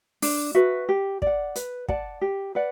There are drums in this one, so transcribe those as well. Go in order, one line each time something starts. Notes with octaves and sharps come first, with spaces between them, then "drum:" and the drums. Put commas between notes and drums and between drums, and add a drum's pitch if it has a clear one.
D4, drum: open hi-hat
F#4 B4 E5
G4
D5 F#5, drum: kick
B4, drum: hi-hat
D5 F#5 A5, drum: kick
G4
B4 D5 F#5